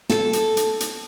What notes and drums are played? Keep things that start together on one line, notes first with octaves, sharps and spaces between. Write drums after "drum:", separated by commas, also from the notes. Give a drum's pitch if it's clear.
A4, drum: snare
drum: hi-hat
drum: hi-hat
drum: hi-hat